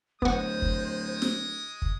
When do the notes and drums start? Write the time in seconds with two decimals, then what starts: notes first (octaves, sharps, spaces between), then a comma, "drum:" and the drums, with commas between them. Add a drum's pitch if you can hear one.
0.22 D1 G#3 B3 F#4 C5 D#6, drum: kick
0.62 drum: kick
1.22 drum: snare
1.82 drum: kick